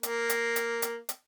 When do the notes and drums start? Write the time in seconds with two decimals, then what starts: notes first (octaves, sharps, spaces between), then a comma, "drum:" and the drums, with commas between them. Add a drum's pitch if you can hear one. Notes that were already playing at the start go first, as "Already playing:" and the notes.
0.03 A#3, drum: hi-hat
0.29 drum: hi-hat
0.56 drum: hi-hat
0.82 drum: hi-hat
1.09 drum: hi-hat